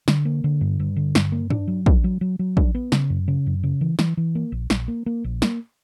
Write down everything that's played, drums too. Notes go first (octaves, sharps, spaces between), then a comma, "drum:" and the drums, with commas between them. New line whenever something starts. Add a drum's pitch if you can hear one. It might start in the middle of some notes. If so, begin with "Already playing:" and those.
D3, drum: snare
A#3
D3
G2
G2
D3
G2, drum: snare
A#3
D4, drum: tom G2
F#3
D4, drum: kick
F#3
F#3
F#3
D4, drum: kick
B3
C#3, drum: snare
F#2
C#3
F#2
C#3
E3
E3, drum: snare
E3
A#3
A#1
A#1, drum: snare
A#3
A#3
A#1
A#3, drum: snare